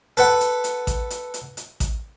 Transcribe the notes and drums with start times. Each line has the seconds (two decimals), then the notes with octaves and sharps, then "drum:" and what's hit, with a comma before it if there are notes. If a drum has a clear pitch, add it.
0.17 A4 B4 F#5, drum: hi-hat
0.41 drum: hi-hat
0.64 drum: hi-hat
0.87 drum: kick A1, hi-hat
1.10 drum: hi-hat
1.34 drum: hi-hat
1.57 drum: hi-hat
1.80 drum: kick A1, hi-hat